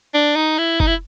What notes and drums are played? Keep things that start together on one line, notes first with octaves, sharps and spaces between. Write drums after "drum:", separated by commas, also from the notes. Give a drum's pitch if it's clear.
D4
D#4
E4
D#4, drum: kick
E4